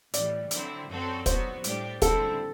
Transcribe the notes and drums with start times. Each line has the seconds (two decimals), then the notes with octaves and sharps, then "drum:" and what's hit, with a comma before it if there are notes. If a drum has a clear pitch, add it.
0.14 A2 E3 G3 D5, drum: hi-hat
0.51 D3 F#3 C4 E4, drum: hi-hat
0.89 F#2 F#3 C4 F#4 A4
1.26 F#3 B3 F#4 C5, drum: kick, hi-hat
1.64 A2 G3 D4 G4, drum: hi-hat
2.02 D3 G3 C4 E4 A4, drum: kick, hi-hat